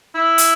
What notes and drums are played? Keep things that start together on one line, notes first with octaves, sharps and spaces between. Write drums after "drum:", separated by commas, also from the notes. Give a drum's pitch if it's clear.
E4
drum: hi-hat